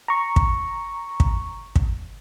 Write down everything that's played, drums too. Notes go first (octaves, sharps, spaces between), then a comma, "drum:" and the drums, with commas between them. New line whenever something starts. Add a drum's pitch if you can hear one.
A#5 C#6
drum: kick
drum: kick
drum: kick